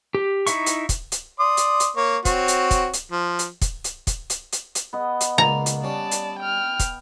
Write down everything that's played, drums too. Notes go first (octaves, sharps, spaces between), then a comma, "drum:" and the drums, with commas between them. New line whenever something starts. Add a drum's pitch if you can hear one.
G4
D#4 E4 E5 C#6, drum: hi-hat
drum: hi-hat
drum: kick, hi-hat
drum: hi-hat
D5 C6 D#6
drum: hi-hat
drum: hi-hat
A#3 C#5
C4 F#4 C#5, drum: kick, hi-hat
drum: hi-hat
drum: kick, hi-hat
drum: hi-hat
F3
drum: hi-hat
drum: kick, hi-hat
drum: hi-hat
drum: kick, hi-hat
drum: hi-hat
drum: hi-hat
drum: hi-hat
B3 D#5
drum: hi-hat
C#2 A#2 A#5
drum: hi-hat
G3 C#4 D5 A5
drum: hi-hat
G5 F6
drum: kick, hi-hat